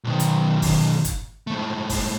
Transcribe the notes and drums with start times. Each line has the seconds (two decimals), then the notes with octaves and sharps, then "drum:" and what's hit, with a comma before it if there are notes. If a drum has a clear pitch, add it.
0.04 B1 D#3
0.20 drum: hi-hat
0.62 drum: kick F#1, open hi-hat
1.04 drum: kick F#1, hi-hat
1.47 G#2 A3
1.89 drum: kick F#1, open hi-hat